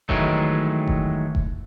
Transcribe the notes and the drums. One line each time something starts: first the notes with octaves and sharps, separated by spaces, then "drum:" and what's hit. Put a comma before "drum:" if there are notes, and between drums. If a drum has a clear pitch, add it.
D#3 E3 F#3 G#3 A3, drum: kick F1
drum: kick F1
drum: kick F1